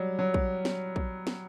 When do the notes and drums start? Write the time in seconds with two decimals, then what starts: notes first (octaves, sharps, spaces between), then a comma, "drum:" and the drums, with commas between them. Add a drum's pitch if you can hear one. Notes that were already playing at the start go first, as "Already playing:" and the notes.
Already playing: F#3 G3
0.19 F#3
0.34 drum: kick
0.65 drum: snare
0.96 drum: kick
1.27 drum: snare